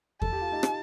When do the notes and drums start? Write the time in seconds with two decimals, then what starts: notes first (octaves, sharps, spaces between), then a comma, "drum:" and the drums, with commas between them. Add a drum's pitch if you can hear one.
0.22 A4 A5, drum: kick E2
0.33 G4
0.42 F4
0.52 D#4 G4
0.63 drum: rim click